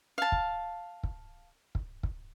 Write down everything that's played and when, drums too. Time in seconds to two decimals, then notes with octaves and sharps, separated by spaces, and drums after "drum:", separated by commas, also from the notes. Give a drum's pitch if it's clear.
0.18 F5 A5
0.32 drum: kick
1.03 drum: kick
1.75 drum: kick
2.03 drum: kick